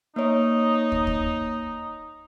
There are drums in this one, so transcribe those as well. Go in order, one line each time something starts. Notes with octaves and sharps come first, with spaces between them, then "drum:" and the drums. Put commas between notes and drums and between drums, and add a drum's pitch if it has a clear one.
A#3 D#4 C#5
drum: kick
drum: kick